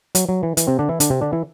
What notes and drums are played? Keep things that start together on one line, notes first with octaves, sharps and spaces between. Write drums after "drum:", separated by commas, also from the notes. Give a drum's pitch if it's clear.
F#3, drum: hi-hat
F#3
E3
E3, drum: hi-hat
C3 C4
D3 D4
E3 E4
D3 D4, drum: hi-hat
C3 C4
D3 D4
E3 E4